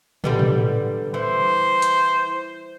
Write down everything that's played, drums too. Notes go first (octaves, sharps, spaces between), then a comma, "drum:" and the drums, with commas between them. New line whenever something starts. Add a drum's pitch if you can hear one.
D3 G3 B3, drum: tom
drum: tom
E3 C5
drum: hi-hat